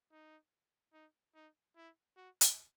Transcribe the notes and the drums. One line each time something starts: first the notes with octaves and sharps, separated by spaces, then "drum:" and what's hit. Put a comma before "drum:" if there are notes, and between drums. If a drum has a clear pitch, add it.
D#4
D#4
D#4
E4
F#4
drum: hi-hat